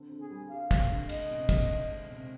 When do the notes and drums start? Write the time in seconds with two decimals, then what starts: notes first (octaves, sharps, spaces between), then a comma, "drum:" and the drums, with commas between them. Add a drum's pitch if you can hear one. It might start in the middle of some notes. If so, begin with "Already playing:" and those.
Already playing: D3 C4
0.11 D3
0.21 G#4
0.30 G3
0.50 G4 F5
0.71 C4, drum: kick, cymbal
0.90 D3
1.09 G#3 D#5, drum: cymbal
1.30 C3
1.49 D#3, drum: kick, cymbal
1.69 C4
1.89 G#3
2.09 C3